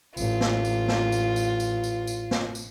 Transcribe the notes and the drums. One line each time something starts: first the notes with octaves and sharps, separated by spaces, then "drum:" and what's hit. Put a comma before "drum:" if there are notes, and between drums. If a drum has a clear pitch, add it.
A1 F4, drum: tambourine
drum: snare
drum: tambourine
drum: snare
drum: tambourine
drum: tambourine
drum: tambourine
drum: tambourine
drum: tambourine
drum: snare
drum: tambourine